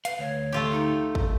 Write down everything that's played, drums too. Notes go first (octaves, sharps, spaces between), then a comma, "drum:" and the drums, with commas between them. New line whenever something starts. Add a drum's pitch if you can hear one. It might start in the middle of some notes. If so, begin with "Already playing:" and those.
B4 F5, drum: hi-hat
D2 C#5
A3 F4 G4
D#4
drum: kick